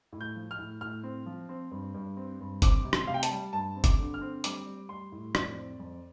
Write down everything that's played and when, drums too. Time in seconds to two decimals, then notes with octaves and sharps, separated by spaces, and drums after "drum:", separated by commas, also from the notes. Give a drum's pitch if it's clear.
0.13 A2
0.21 G6
0.35 F3
0.51 F6
0.58 A2
0.81 A2 F6
1.03 C4
1.26 F3
1.49 C4
1.71 G2
1.94 G2
2.17 C4
2.40 G2
2.62 C4 D6, drum: kick, hi-hat
2.85 C3
2.93 C6, drum: rim click
3.07 C3 F5
3.14 G5
3.23 A5, drum: hi-hat
3.31 G3
3.53 G2 A5
3.76 C4
3.84 D6, drum: kick, hi-hat
3.99 D3
4.14 F6
4.21 C4
4.44 G3 D6, drum: hi-hat
4.67 G3
4.89 G3 C6
5.12 A2
5.35 F2 D5, drum: rim click
5.57 C4
5.80 F2